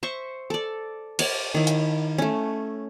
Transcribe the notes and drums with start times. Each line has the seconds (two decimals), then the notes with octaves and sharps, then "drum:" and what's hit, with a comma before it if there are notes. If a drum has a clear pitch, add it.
0.03 C5 E5 C#6
0.50 A4 D5
1.19 C#5 D5, drum: cymbal
1.55 D#3 E4
1.67 drum: hi-hat
2.18 A3 C#4